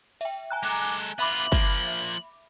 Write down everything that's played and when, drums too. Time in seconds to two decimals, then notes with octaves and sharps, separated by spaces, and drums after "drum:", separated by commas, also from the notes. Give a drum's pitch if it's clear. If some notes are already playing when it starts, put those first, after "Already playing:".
0.21 E5 G5, drum: open hi-hat
0.50 G#5 A#5 F#6
0.63 G#3 A4 D6
1.19 B3 F4 E5 B5 D6 F#7
1.52 F3 A#3, drum: kick